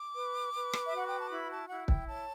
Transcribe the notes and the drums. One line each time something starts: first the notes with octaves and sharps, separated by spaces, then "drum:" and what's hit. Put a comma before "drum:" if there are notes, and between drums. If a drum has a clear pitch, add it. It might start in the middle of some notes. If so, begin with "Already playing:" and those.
Already playing: D6
B4
B4
drum: rim click
E5
F#4 F#5
G5
A5
E4 B5
A5
E4 F#5
G5, drum: kick
C#5 A5